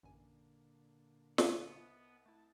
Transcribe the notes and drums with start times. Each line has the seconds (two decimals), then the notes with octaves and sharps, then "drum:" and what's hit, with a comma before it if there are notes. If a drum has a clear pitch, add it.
0.03 A1 F#2 A#2 D3 G#5
1.38 C2 B3 D#5, drum: snare
2.26 A3 E4 A5